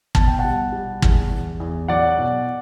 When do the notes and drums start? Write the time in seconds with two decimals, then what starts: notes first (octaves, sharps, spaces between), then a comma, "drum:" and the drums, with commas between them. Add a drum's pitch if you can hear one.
0.15 B2 A5, drum: kick
0.27 G5
0.39 F#5 A5
0.44 G3
0.72 G3
1.02 E2, drum: kick
1.31 E2
1.60 E2
1.88 F#3 D5 F#5
2.19 B2